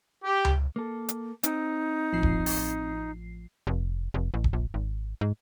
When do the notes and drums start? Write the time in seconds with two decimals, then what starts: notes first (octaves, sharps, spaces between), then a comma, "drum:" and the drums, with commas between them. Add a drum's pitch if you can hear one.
0.22 G4
0.45 drum: tom C#2
0.76 A#3 A4
1.09 drum: hi-hat
1.43 C4 D#4, drum: hi-hat
2.13 A1 F3 C7
2.23 drum: kick
2.46 drum: open hi-hat
3.67 F1
4.14 F1
4.34 A1
4.44 drum: kick
4.53 A#1
4.74 G#1
5.21 G#2